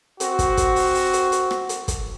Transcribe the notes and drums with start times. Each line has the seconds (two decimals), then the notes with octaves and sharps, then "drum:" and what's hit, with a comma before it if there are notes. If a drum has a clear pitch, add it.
0.20 C4 F#4, drum: hi-hat
0.39 drum: kick, hi-hat
0.57 drum: kick, hi-hat
0.76 drum: open hi-hat
0.95 drum: open hi-hat
1.13 drum: hi-hat
1.32 drum: hi-hat
1.51 drum: rim click
1.69 drum: hi-hat
1.88 drum: kick, hi-hat